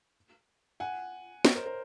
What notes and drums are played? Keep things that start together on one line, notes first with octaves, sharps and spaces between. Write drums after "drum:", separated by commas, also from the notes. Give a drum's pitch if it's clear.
F#5 G#5
C#5 D#5, drum: snare
A#4 C5
A#4 C5